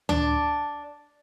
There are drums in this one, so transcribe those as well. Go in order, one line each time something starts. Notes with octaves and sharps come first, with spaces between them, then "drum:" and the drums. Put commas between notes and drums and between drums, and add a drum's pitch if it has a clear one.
D4, drum: tom D2